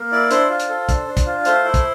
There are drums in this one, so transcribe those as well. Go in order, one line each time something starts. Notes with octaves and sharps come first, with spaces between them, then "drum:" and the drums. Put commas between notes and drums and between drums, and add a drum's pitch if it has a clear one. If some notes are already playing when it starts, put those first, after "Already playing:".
Already playing: A#3
E4 D5
D4 C5, drum: hi-hat
F4
drum: hi-hat
A4
D4, drum: kick, hi-hat
D4
drum: kick, hi-hat
F4
A3 C5, drum: hi-hat
E4
drum: kick, hi-hat